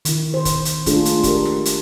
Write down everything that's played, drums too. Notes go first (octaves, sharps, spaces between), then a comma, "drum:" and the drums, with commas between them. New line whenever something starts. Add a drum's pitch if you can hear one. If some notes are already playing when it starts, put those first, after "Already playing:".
D#3 E4, drum: hi-hat
C5
drum: kick, hi-hat
drum: hi-hat
G#3 A3 D4 F4 G#4 A4, drum: kick, hi-hat
drum: hi-hat
G4 A#4, drum: kick, hi-hat
drum: snare
drum: hi-hat